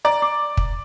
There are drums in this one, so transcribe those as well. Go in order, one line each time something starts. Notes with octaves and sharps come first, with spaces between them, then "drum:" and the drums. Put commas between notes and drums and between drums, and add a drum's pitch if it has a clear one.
D5 A#5
D6
drum: kick